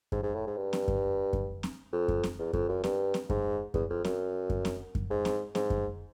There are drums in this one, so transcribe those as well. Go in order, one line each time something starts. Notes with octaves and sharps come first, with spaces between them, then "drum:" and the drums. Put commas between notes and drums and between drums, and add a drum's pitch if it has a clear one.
G#2, drum: kick F#2
G#2
A2
G#2
G2
drum: snare C4
drum: kick F#2
drum: kick F#2
drum: snare C4
F2
drum: kick F#2
drum: snare C4
E2
F2, drum: kick F#2
F#2
G2, drum: snare C4
drum: snare C4
G#2, drum: kick F#2
E2, drum: kick F#2
F2
F#2, drum: snare C4
drum: kick F#2
drum: snare C4
drum: kick F#2
G#2
drum: snare C4
G#2, drum: snare C4
drum: kick F#2